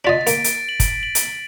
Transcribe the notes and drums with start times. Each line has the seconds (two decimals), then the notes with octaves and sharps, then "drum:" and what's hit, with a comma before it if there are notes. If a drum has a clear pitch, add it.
0.05 D4 F4 D#5 A6 B6
0.27 A#3 D7, drum: hi-hat
0.44 drum: hi-hat
0.69 F#7
0.80 drum: kick, hi-hat
1.03 F#7
1.15 drum: hi-hat